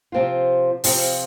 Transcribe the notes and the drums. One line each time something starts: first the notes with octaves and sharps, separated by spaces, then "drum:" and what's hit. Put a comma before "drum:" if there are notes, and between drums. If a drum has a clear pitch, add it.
C3 F3 C4 F4
C3 F3 C4 F4, drum: open hi-hat